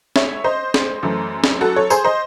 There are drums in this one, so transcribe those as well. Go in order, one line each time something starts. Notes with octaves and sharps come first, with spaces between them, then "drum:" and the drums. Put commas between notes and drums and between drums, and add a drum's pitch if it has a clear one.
C#5 E5, drum: snare
C5 D#5
drum: snare
F#2 E3 A3
drum: snare
F#4 A4
A4 C#5
G#4 C5, drum: tambourine
C5 D#5